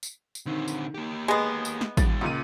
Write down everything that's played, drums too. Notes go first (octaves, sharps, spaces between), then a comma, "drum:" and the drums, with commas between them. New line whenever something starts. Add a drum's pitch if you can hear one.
drum: tambourine
drum: tambourine
D3 D#3 C4
drum: tambourine
A#3 G4
G#3 B3 G#4 D#5 G#5
drum: tambourine
drum: snare
D#3 G3 A6, drum: kick, tambourine
C#2 A#2 D#7